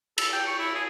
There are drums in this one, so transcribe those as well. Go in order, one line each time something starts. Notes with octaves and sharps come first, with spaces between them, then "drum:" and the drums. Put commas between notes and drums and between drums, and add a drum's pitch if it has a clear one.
A4, drum: cymbal
G5
C#6
E4
G#4